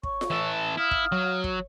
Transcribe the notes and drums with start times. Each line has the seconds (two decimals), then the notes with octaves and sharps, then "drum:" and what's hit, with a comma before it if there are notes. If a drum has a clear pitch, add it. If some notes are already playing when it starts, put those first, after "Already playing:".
0.03 C#5 C#6, drum: kick
0.21 drum: snare F4
0.30 E3 A4
0.77 E4 F5 D#6 F6
0.91 drum: kick
1.12 F#3
1.44 drum: kick